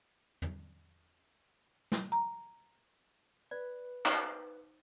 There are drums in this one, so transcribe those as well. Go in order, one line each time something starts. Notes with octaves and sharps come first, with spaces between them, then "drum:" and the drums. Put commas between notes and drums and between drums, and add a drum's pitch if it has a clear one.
drum: tom
drum: snare
A#5
B4 D5
D#4 C5, drum: clap